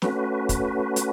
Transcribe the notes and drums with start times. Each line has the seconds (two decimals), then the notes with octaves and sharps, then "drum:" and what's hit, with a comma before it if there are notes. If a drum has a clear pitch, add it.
0.02 A3 C#4 F#4 B4, drum: snare
0.49 drum: kick, hi-hat
0.96 drum: hi-hat